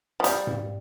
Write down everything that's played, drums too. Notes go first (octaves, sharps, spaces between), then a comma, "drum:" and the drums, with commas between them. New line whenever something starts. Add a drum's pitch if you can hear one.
F3
G3, drum: hi-hat
drum: tom G#2